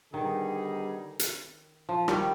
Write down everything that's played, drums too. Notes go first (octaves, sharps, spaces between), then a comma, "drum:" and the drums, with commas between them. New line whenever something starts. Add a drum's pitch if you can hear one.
D3 D#3 G3 B3 D#4 G#4
drum: hi-hat
F3
D#3 G3, drum: rim click